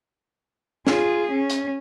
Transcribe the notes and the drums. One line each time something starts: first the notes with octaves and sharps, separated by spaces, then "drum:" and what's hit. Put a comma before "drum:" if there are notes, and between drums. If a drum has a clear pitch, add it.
F4 G#4, drum: snare
C#4
drum: hi-hat